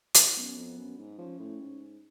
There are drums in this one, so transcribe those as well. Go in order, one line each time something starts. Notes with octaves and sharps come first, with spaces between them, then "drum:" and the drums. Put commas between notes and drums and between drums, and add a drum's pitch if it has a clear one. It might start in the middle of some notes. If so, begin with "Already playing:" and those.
G#2, drum: hi-hat
F#2 B3
F2
F#2
G#2
F3 C#4
A2
G#2